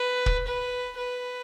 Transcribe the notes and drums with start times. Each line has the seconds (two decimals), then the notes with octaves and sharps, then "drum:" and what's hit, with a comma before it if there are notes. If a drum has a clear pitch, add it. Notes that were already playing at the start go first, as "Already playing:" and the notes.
Already playing: B4
0.26 drum: kick
0.47 B4
0.97 B4